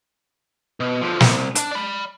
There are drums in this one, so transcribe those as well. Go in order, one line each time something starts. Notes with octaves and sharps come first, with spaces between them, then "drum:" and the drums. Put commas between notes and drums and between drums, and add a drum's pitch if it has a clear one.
B2
D3 F3
C2, drum: snare
D4, drum: hi-hat
D5 B5